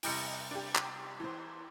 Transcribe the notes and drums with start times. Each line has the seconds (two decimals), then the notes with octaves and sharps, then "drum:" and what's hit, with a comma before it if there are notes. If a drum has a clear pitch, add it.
0.03 E2 C3 G3 D#5 G5 C#7, drum: open hi-hat
0.51 D4 G4
0.75 drum: clap
1.20 E3 C5